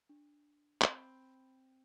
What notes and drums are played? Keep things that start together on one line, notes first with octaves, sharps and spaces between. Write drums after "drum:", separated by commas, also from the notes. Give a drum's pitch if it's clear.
D4
C4 B5, drum: clap